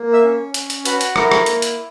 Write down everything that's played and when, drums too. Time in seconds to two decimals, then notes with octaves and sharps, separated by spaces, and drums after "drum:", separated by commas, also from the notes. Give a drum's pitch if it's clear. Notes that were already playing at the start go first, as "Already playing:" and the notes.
Already playing: A#3
0.13 E5 E6
0.24 C#4
0.54 C#4, drum: hi-hat
0.70 drum: hi-hat
0.85 F#4 B4 B5, drum: hi-hat
1.01 drum: hi-hat
1.16 E4 A#4 A#5, drum: rim click
1.31 drum: rim click
1.46 A#3, drum: hi-hat
1.62 drum: hi-hat